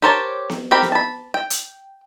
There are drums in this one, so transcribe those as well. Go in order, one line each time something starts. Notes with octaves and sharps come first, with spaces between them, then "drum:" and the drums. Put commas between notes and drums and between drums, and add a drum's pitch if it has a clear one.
G4 A#4 C5 C#5 A5
drum: snare B3
C4 G4 A#4 G5 B5
drum: snare B3
A5 B5
G5
drum: hi-hat